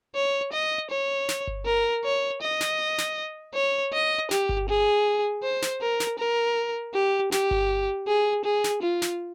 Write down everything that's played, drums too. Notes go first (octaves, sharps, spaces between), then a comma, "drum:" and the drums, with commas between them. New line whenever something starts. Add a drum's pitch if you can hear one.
C#5
D#5
C#5
drum: snare
drum: kick G1
A#4
C#5
D#5
drum: snare
drum: snare
C#5
D#5
G4, drum: snare
drum: kick G1
G#4
C5
drum: snare
A#4
drum: snare
A#4
G4
G4, drum: snare
drum: kick G1
G#4
G#4
drum: snare
F4
drum: snare